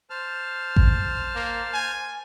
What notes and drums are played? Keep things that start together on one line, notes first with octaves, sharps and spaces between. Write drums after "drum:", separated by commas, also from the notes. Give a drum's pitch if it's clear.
C5 A5 F6
drum: kick A1
A#3
G#5